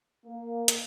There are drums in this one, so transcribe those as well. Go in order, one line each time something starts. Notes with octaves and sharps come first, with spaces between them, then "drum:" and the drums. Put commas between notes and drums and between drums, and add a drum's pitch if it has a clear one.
A#3
drum: hi-hat